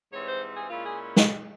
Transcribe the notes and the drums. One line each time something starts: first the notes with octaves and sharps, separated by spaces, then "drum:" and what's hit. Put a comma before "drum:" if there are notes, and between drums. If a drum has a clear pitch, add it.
G#2 E3 G3 C4 C#5
C5
G#4
A#2 G#3 C#4 E4 F4
G#4
drum: snare